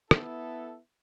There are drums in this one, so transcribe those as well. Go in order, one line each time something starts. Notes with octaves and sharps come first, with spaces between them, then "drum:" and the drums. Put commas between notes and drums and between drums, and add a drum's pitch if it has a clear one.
B3 E4 A4, drum: rim click